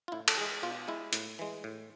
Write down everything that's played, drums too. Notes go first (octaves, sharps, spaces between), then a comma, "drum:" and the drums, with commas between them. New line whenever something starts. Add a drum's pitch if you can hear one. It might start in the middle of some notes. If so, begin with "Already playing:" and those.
F4
A2 E4
A4, drum: cymbal
E3 G#3 G#4
B2 F4
G#3 E4
A2, drum: hi-hat
E3 G#3
A2